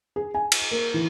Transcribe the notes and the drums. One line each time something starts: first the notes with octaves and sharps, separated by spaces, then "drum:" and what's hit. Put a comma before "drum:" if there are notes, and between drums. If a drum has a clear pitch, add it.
G#4
G#5
drum: cymbal
A#3
E3